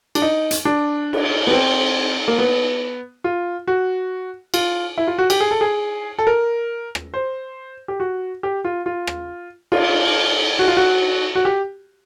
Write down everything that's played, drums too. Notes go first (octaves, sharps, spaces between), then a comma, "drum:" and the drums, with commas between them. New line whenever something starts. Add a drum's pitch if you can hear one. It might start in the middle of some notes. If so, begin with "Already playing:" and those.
D4, drum: cymbal
D#4
drum: hi-hat
D4
drum: cymbal
B3
C4
A#3
B3
F4
F#4
F4, drum: cymbal
E4
F4
F#4
G4, drum: cymbal
G#4
A4
G#4
A4
A#4
drum: rim click
C5
G4
F#4
G4
F4
F4
drum: rim click
F4, drum: cymbal
F#4
F4
F#4
F#4
G4